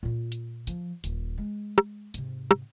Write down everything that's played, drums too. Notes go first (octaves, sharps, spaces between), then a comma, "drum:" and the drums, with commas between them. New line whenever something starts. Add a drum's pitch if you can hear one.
A#2 F4
drum: hi-hat
F3, drum: hi-hat
D#1, drum: hi-hat
G#3
drum: rim click
G#2 C3, drum: hi-hat
drum: rim click